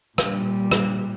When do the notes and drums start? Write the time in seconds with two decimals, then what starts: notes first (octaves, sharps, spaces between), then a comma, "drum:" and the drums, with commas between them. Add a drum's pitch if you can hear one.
0.18 A#2 G3, drum: rim click
0.71 drum: rim click